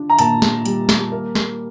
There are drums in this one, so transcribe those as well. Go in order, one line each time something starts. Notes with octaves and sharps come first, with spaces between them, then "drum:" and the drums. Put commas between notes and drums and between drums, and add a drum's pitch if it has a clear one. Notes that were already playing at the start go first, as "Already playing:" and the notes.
Already playing: D4 F4
A#5
A#2 A5, drum: hi-hat
drum: snare
G3, drum: hi-hat
drum: snare
A#3
drum: snare